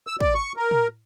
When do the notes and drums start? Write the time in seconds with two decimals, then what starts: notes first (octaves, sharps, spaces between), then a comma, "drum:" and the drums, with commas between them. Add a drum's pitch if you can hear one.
0.07 E6
0.20 D5, drum: kick
0.35 C#6
0.57 A#4
0.71 drum: tom